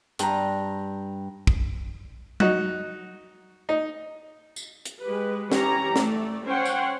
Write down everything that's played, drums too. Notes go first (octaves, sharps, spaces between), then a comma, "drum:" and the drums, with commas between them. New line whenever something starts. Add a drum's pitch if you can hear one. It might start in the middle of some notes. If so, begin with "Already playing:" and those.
G2 A#5, drum: hi-hat
drum: kick
D#4 F#4, drum: tom F#3
D#4
drum: tambourine
drum: hi-hat
G#3 G4 B4
E3 C#4 G4 C#5 A#5, drum: snare
A3 D5, drum: snare
C#4 C5 C#5 F#5 G5 C6
drum: tambourine